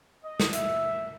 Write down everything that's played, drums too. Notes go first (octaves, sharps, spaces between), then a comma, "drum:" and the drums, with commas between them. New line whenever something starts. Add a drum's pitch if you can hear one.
D#5
drum: snare
E5, drum: hi-hat